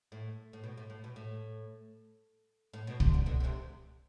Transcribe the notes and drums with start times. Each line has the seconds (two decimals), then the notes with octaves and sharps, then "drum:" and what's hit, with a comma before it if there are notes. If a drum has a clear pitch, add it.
0.12 A2
0.53 A2
0.64 B2
0.77 A2
0.90 A2
1.04 B2
1.16 A2
2.74 A2
2.87 B2
3.00 C3, drum: kick
3.14 B2 D3
3.26 B2 D3
3.40 D3
3.44 C3 E3